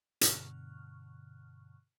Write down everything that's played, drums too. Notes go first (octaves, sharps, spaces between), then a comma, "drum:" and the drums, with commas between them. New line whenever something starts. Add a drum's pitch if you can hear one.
G2 B2 D3 C#6 F6 F#6, drum: hi-hat